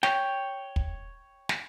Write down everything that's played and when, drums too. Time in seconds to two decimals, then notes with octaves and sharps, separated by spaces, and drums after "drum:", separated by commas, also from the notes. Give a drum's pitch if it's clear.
0.03 C#5 G5, drum: snare
0.76 drum: kick
1.49 drum: snare